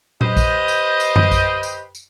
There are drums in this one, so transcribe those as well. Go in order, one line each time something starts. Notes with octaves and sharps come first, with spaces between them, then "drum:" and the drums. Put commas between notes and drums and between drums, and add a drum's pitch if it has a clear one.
G4 B4 C5 D#5, drum: tom A#2
drum: kick A#1, tambourine
drum: tambourine
drum: tambourine
drum: tom F#2
drum: kick A#1, tambourine
drum: tambourine
drum: tambourine